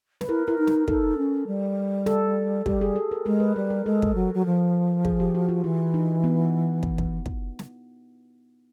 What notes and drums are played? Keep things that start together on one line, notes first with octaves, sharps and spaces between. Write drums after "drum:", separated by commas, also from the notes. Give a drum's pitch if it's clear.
B4, drum: snare
E4 A#4
E4 A#4
D#4
A#4, drum: snare
D#4 A4, drum: kick
C#4
G3
A4, drum: snare
G3 G4, drum: kick
G#4
A4
A#4
G#3 A#4
B4
G3 A#4
A#4
G#3 A4
drum: kick
F#3
F#3
F3
G#4, drum: kick
G4
F#4
F4
E3 E4
D#4
B3
drum: kick
drum: kick
drum: kick
drum: snare